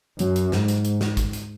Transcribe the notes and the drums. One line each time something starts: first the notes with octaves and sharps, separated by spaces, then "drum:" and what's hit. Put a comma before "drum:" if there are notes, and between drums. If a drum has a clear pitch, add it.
F#2 F#3, drum: hi-hat
drum: hi-hat
G#2, drum: snare
drum: hi-hat
drum: hi-hat
drum: snare
drum: kick, hi-hat
drum: hi-hat